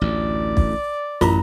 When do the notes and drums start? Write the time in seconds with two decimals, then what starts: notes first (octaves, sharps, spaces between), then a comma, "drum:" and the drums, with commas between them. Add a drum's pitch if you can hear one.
0.01 A1 D2 D5
0.57 drum: kick
1.21 A1 F#2 E4 F4 A#4 A#5, drum: snare